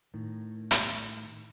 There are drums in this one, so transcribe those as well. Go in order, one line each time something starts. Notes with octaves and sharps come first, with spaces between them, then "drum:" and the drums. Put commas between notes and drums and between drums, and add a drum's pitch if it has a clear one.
A2 D#3
drum: hi-hat